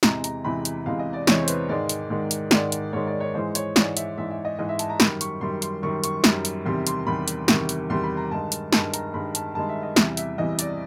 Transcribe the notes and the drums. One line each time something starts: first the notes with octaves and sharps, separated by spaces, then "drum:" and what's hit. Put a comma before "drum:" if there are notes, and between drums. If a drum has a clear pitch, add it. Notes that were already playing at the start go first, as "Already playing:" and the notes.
E2 C3 E3 G#3 A#5, drum: snare
A#5, drum: hi-hat
E2 C3 E3 G#3 B5
drum: hi-hat
E2 C3 E3 G#3 F5
D#5
D5
E2 C3 E3 G#3 C#5, drum: snare
C5
B4, drum: hi-hat
G#2 D#3 G#3 D5
drum: hi-hat
G#2 D#3 G#3
drum: hi-hat
G#2 D#3 G#3 D5, drum: snare
drum: hi-hat
G#2 D#3 G#3 C#5
D5
C#5
G#2 E3 G#3 C5
C#5, drum: hi-hat
G#2 E3 G#3 D5, drum: snare
E5, drum: hi-hat
G#2 E3 G#3 E5
E5
D#5
G#2 E3 G#3 D#5
E5
A5, drum: hi-hat
A#5
F#2 D#3 G3 B5, drum: snare
C#6, drum: hi-hat
F#2 D#3 G3 C6
C6, drum: hi-hat
F#2 D#3 G3 C#6
C#6, drum: hi-hat
F#2 D#3 G3, drum: snare
drum: hi-hat
E2 C3 D#3 G3 C6
C6, drum: hi-hat
E2 C3 D#3 G3 B5
drum: hi-hat
E2 C3 D#3 G3 C#6, drum: snare
drum: hi-hat
E2 C3 D#3 G3 C6
B5
A#5
G2 D#3 G#3 A5
drum: hi-hat
G2 D#3 G#3 A5, drum: snare
A#5, drum: hi-hat
G2 D#3 G#3 B5
A5, drum: hi-hat
G2 D#3 G#3 A5
E5
D#5
E2 C3 E3 G3 E5, drum: snare
E5, drum: hi-hat
E2 C3 E3 G3 D#5
D5, drum: hi-hat